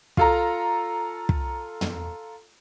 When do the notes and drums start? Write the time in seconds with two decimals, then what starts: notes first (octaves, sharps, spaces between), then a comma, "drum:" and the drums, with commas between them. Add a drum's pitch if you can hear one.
0.17 F4 A4 A#5, drum: kick
1.29 drum: kick
1.81 drum: tom